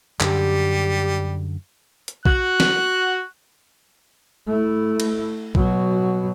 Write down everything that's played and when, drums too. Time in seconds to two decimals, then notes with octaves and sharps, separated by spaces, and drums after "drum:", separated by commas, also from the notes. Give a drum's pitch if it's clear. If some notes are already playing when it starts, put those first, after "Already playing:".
0.20 F#2 D3 G3 G4, drum: clap
2.08 drum: hi-hat
2.26 F#4 F#6, drum: kick
2.60 drum: snare
4.47 A3 E4
5.00 drum: cymbal
5.55 B2 F#3, drum: kick